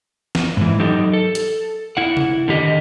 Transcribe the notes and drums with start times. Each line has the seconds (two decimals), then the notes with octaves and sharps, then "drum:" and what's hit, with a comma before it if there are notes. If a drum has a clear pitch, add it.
0.35 drum: snare
0.57 G#2 E3
0.80 F#3 D#4 G4 A4
1.13 A4
1.35 drum: hi-hat
1.97 E4 F#5
2.17 drum: tom C3
2.48 D3 D#3 G4 D#5